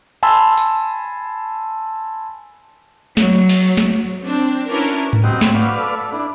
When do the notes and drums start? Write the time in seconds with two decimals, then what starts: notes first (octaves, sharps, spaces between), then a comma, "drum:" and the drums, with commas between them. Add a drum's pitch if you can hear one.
0.23 G#5 A5 B5 C6 E6
0.57 drum: tambourine
3.17 F#3, drum: snare
3.49 drum: open hi-hat
3.77 drum: snare
4.23 C4 D4
4.69 C#4 D4 E4 F#4 A#4 B4
5.13 drum: tom G#2
5.24 G3 C4 F#4 D#5
5.41 C#5 B5, drum: snare
5.55 F#4 B4 D5 F5
5.79 A4
6.12 D4 E4